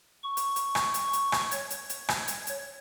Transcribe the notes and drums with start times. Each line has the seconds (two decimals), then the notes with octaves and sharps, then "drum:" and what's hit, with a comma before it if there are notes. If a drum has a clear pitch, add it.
0.24 C#6
0.37 drum: hi-hat
0.56 drum: hi-hat
0.75 drum: rim click
0.94 drum: hi-hat
1.13 drum: hi-hat
1.32 drum: rim click
1.51 C#5, drum: hi-hat
1.70 drum: hi-hat
1.89 drum: hi-hat
2.09 drum: rim click
2.28 drum: hi-hat
2.47 drum: hi-hat